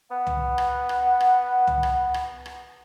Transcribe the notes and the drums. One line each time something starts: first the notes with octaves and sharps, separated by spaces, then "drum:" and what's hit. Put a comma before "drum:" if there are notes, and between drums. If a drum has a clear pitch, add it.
B3 F#5
drum: tom
drum: rim click
drum: rim click
drum: rim click
drum: tom
drum: rim click
drum: rim click
drum: rim click